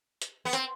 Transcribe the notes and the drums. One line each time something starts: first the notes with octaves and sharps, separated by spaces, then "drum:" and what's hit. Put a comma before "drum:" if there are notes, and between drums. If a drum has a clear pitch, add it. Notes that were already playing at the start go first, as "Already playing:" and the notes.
drum: hi-hat
B3
C4, drum: hi-hat